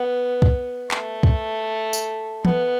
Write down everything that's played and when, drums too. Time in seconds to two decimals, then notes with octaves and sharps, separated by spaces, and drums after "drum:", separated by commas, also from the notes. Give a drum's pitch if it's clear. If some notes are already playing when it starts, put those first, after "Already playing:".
Already playing: B3
0.42 drum: kick
0.91 A3, drum: clap
1.23 drum: kick
1.93 drum: tambourine
2.45 B3, drum: tom